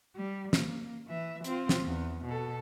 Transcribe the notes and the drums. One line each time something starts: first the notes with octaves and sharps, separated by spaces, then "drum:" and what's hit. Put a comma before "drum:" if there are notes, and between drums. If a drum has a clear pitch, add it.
G3
A#3, drum: snare
E3 E5
C4 F4, drum: hi-hat
drum: snare
E2
B2 A4